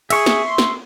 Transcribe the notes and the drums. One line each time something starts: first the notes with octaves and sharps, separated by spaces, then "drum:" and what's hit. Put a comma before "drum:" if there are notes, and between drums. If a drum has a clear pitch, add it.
G#4 E5 C#6, drum: cymbal
drum: snare
C6
drum: snare